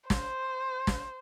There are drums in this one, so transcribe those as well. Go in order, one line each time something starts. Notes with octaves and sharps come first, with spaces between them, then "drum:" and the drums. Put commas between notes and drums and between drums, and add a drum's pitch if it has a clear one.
C5, drum: snare
drum: snare